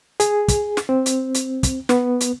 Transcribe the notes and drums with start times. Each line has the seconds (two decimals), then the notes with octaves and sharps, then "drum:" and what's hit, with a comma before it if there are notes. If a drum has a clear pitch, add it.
0.20 G#4, drum: hi-hat
0.48 drum: kick, hi-hat
0.77 drum: snare
0.89 C4
1.06 drum: hi-hat
1.34 drum: hi-hat
1.63 drum: kick, hi-hat
1.89 B3, drum: snare
2.20 drum: hi-hat